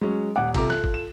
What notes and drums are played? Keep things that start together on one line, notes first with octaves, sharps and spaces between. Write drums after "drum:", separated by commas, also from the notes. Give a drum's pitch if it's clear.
F#3 G#3 C#4
D#1 F#5 D6
C3 F4 A4 A#5 D6, drum: kick, cymbal
F#6, drum: snare
drum: kick
E7